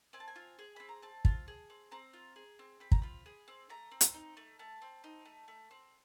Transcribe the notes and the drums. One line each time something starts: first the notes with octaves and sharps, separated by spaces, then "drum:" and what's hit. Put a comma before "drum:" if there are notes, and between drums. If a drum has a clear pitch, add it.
C4 G#5
A5
G#5
F4
G#4
C4 B5
A#5
C4 A5
F4, drum: kick
G#4
C4
C4 A#5
F4
G#4
C4
C4 B5
A#5, drum: kick
F4 B5
G#4
C4
A3 A#5
C4
drum: hi-hat
D#4
A3
A3 A5
C4
D#4
A3
A3
C4